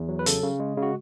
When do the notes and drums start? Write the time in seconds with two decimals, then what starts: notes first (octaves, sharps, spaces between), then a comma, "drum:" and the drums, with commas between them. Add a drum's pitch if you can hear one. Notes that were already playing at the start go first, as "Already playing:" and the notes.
Already playing: E2
0.09 F#3
0.19 B4
0.26 C#3 A4, drum: hi-hat
0.43 C#3
0.60 G#3
0.77 C#3
0.82 F#4